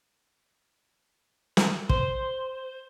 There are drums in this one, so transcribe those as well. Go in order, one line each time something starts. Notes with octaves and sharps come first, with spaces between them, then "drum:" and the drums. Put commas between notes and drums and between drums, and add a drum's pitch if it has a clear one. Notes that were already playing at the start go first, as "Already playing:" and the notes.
drum: snare
C5, drum: kick